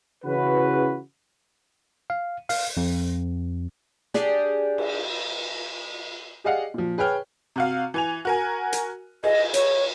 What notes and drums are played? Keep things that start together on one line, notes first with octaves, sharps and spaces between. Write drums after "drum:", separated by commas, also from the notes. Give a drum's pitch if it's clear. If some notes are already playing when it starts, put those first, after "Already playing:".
C#3 E3 F#4 B4
F5
F5, drum: open hi-hat
F2
D4 G4 G#4 D5, drum: snare
drum: cymbal
G4 G#4 D5 D#5 F5 F#5
A#2 F3
G#4 B4 C#5 G5 F6
C3 F#4 F5
E3 G#5 F7
F#4 A#4 G#5
drum: hi-hat
G#4 D#5, drum: cymbal
C#5, drum: hi-hat